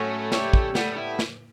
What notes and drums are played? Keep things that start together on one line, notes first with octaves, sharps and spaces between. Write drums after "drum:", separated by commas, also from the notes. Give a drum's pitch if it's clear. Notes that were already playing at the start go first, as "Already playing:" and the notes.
Already playing: A2 F#3 A3 C#4
G3 C#4 E4 G4, drum: snare
drum: kick
A2 G3 A3 B3, drum: snare
E4
drum: snare